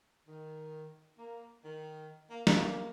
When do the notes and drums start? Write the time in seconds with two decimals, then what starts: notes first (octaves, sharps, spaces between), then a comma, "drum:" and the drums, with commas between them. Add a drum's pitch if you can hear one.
0.27 D#3
1.17 A#3
1.64 D#3
2.30 A#3
2.47 A#3, drum: snare